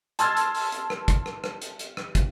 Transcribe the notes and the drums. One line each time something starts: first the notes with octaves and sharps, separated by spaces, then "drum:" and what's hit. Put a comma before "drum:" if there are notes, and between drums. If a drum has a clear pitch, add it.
A5 C6 E6 F6 G#6 A6, drum: hi-hat
drum: hi-hat
drum: open hi-hat
drum: hi-hat
drum: rim click
drum: kick, hi-hat
drum: rim click
drum: rim click
drum: hi-hat
drum: hi-hat
drum: rim click
drum: kick, hi-hat